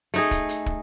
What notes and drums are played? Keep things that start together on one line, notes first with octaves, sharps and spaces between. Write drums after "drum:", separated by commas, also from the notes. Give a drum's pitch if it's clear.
A3 D#4 G#4, drum: hi-hat
drum: kick, hi-hat
drum: hi-hat
drum: kick